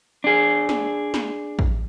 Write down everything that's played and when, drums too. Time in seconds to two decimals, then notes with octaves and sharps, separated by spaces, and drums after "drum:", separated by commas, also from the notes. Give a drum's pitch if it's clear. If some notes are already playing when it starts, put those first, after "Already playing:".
0.24 D4 G#4
0.69 drum: snare
1.14 drum: snare
1.59 drum: kick A1